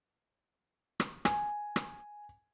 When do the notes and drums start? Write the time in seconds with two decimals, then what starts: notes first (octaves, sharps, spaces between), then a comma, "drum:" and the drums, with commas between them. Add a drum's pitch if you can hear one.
1.00 drum: rim click
1.25 G#5, drum: rim click
1.76 drum: rim click